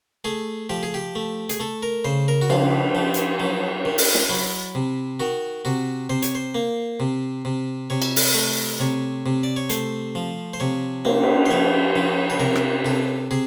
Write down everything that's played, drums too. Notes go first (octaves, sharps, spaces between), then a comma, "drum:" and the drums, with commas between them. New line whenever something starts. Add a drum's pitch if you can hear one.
A3 G#4
F3 G4
G#4
G4
A3
G#4, drum: hi-hat
A3 A4
A#4
C#3 C5
A#4
F#4
F3 F4, drum: cymbal
F3
drum: hi-hat
F#3
D#3
drum: open hi-hat
drum: snare
F#3 E4
C3
D#3 F#4
C3 F#4
C3 C5
C#5, drum: hi-hat
C5
A#3
C3
C3
C3 C#5
drum: cymbal
drum: open hi-hat
A3
C3 C#5
C3
D5
C#5
A3 C5, drum: hi-hat
F3
C5
C3 C#5
A#3, drum: cymbal
drum: cymbal
C5
F3 C#5
F3
B4
C3 A#4
drum: rim click
C3 A4
C3 G#4